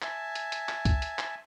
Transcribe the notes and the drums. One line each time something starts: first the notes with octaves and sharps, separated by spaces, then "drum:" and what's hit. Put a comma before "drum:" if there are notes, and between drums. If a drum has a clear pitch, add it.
E5 G#5 A5, drum: clap
drum: hi-hat
drum: hi-hat
drum: clap
drum: kick, hi-hat
drum: hi-hat
drum: clap